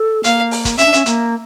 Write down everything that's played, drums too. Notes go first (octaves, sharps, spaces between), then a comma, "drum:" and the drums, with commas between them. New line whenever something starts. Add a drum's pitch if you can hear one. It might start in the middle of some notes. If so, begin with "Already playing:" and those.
Already playing: A4
A#3 F5, drum: hi-hat
drum: open hi-hat
drum: kick, hi-hat
C#4 E5, drum: hi-hat
D4
C#4, drum: hi-hat
A#3, drum: hi-hat